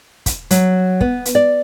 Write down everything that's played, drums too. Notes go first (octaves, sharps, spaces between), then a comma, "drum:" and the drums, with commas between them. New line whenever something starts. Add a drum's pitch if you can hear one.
drum: kick, hi-hat
F#3, drum: hi-hat
B3, drum: kick
drum: hi-hat
D5